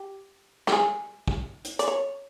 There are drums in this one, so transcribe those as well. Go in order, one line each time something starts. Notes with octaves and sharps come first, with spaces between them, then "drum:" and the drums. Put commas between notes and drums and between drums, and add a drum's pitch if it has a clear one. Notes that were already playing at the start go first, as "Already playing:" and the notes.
Already playing: G4
G4, drum: snare
G#4
drum: kick
drum: hi-hat
D5, drum: hi-hat
C#5